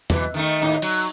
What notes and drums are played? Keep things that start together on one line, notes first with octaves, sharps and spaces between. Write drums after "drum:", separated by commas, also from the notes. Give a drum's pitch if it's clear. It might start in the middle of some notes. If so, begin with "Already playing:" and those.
B2 E3, drum: tom E2
D#3 A3 D#4
D#2 A2 D#4
F#3, drum: cymbal